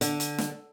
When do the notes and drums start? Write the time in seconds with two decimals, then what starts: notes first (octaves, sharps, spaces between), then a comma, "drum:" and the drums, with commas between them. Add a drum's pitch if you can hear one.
0.01 D3, drum: hi-hat
0.20 drum: hi-hat
0.38 drum: snare